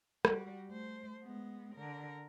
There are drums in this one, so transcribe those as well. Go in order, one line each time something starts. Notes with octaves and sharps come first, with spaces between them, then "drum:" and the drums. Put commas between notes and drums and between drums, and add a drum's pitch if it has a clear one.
G3 F#4, drum: rim click
A3 C5
G#3 B3
D3 A#4